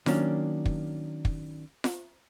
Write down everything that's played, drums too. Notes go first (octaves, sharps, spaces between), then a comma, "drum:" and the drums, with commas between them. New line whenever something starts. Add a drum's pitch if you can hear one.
D#3 F#3 A#3 C#4 D4, drum: snare F4
drum: kick
drum: kick
drum: snare F4